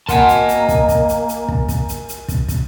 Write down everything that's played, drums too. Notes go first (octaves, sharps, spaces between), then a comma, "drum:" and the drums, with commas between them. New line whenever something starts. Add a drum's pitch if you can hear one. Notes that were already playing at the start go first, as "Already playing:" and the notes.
A#3 A#4 D#5 F#5 G#5 A5 C6, drum: kick, hi-hat
drum: hi-hat
drum: hi-hat
drum: kick, hi-hat
drum: kick, hi-hat
drum: hi-hat
drum: hi-hat
drum: kick
drum: kick, hi-hat
drum: hi-hat
drum: hi-hat
drum: kick, hi-hat
drum: kick, hi-hat